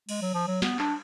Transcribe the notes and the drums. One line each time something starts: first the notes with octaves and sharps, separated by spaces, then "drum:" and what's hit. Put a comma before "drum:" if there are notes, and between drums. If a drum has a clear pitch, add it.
G#3, drum: cymbal
F#3
F3
F#3
B3, drum: snare
D4, drum: clap